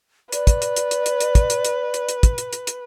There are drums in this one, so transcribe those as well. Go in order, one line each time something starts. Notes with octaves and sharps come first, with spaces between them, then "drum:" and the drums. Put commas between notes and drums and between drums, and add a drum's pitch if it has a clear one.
B4 D5, drum: hi-hat
drum: kick, hi-hat
drum: hi-hat
drum: hi-hat
drum: hi-hat
drum: hi-hat
drum: hi-hat
drum: kick, hi-hat
drum: hi-hat
drum: hi-hat
drum: hi-hat
drum: hi-hat
drum: kick, hi-hat
drum: hi-hat
drum: hi-hat
drum: hi-hat